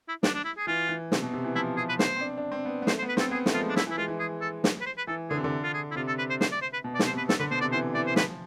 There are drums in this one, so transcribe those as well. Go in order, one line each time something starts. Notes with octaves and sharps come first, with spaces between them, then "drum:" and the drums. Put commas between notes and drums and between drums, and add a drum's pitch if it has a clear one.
E4
D4, drum: snare
D4
E4
G#4
E3 F4
E3
C3, drum: snare
B2
C3
E3
F3 E4
C3 G#4
B4
B3 C5, drum: snare
C4
D4
D4
C4
B3
B3
A3 C5, drum: snare
C5
B3
B4
C4, drum: snare
A4
B3 G#4
A3, drum: snare
F3 F4
G#3
D4
E4, drum: snare
E3
E4
G#3 F4
E3
G#4
A4
drum: snare
B4
C5
B4
E3 A4
D3 G#4
C3
D3
F4
G#4
E4
C3 F4
A4
B4
C5
C5, drum: snare
D5
C5
B4
B2
D5
C3, drum: snare
C5
B2
B4
A4, drum: snare
D3 B4
B2 C5
C3 D5
E3 C5
E3 D5
C5
F3 B4, drum: snare